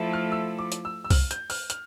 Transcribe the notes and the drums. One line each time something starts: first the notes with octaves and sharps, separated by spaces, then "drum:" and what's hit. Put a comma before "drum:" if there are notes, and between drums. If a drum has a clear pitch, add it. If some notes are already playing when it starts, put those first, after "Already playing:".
Already playing: F3 A3 E4 A4
F6
E6
D6
drum: hi-hat
E6
E6
F6, drum: kick, open hi-hat
G6, drum: hi-hat
F6, drum: open hi-hat
F6, drum: hi-hat